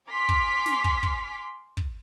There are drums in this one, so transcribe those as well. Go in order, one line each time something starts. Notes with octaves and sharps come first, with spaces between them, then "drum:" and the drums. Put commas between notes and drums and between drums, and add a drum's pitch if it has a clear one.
G#5 C6 D6 F6 B6
drum: kick
drum: snare
drum: kick
drum: kick
drum: kick